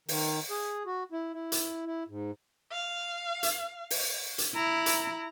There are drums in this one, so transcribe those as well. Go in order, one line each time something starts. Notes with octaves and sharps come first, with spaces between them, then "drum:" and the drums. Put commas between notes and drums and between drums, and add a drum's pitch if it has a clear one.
D#3, drum: open hi-hat
G#4
F#4
E4
E4
drum: hi-hat
E4
G#2
F5
drum: hi-hat
drum: open hi-hat
drum: hi-hat
E4 A#5
drum: hi-hat